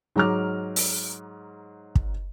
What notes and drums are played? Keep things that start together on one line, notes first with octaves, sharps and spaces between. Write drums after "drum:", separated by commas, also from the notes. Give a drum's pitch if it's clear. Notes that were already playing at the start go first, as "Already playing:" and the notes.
G#2 F#3 A#5 D6 F6
drum: open hi-hat
drum: kick